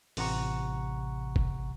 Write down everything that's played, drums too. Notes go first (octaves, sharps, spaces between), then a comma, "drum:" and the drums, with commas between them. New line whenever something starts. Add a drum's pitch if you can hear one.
A1 C3 F#5 A#5 C#6, drum: open hi-hat
drum: kick F#1